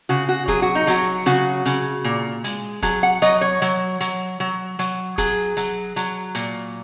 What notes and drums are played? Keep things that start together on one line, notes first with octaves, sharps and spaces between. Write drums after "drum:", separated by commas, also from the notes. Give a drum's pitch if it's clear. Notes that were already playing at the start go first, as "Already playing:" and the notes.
C#3 F#4
F#4
F#3 G#4, drum: kick E1
F#4
D#4
F#3 F#4, drum: hi-hat
C#3 F#4, drum: hi-hat
C#3, drum: hi-hat
A#2
G#3, drum: hi-hat
F#3 G#4, drum: kick E1, hi-hat
F#5
F#3 D#5, drum: hi-hat
C#5
F#3, drum: hi-hat
F#3, drum: hi-hat
F#3
F#3, drum: hi-hat
F#3 G#4, drum: kick E1, hi-hat
F#3, drum: hi-hat
F#3, drum: hi-hat
A#2, drum: hi-hat